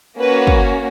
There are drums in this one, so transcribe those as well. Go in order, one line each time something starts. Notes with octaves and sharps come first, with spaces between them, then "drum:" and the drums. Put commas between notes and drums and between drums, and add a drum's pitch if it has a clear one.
A#3 C#4 F#4 B4
drum: kick